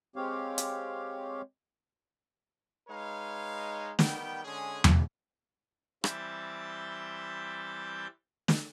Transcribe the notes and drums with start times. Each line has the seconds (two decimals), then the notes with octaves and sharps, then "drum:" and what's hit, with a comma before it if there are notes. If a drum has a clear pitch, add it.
0.16 G#3 C4 G4 C#5 F5
0.58 drum: hi-hat
2.89 G#3 D#4 B4 C#5 F5
3.99 D#3 G3 B3 G5, drum: snare
4.44 D3 G#3 C#4 G#4
4.84 drum: tom E2
6.04 E3 G3 C4 E5 G6 A6, drum: rim click
8.48 drum: snare